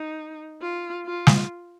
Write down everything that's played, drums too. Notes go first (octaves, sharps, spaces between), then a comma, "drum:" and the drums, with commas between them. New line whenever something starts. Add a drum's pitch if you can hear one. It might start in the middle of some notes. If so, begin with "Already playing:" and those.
Already playing: D#4
F4
F4
drum: snare